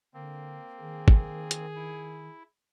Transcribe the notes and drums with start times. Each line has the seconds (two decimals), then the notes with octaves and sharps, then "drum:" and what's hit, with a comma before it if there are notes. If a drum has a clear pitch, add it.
0.14 D3 A#3 C4
0.80 D#3 G#4
1.08 drum: kick
1.51 drum: hi-hat
1.76 E4